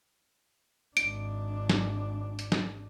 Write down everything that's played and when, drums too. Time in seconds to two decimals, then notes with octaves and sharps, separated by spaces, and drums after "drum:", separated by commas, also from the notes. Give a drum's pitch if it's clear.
0.97 G#1 D4 D7, drum: hi-hat
1.70 drum: snare
2.39 drum: hi-hat
2.52 drum: snare